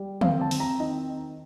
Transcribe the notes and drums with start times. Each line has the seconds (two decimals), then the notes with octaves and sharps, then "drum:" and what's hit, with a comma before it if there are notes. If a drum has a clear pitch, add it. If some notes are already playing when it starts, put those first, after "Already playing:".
Already playing: G3
0.21 C4 F5, drum: tom
0.41 A5
0.51 C4, drum: open hi-hat
0.60 A#5
0.80 D#3 D#5